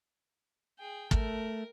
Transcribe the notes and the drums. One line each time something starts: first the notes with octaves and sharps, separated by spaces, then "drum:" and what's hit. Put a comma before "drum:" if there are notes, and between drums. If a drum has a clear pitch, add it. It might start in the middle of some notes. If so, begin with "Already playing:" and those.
G#4 G5
A3 A#4, drum: kick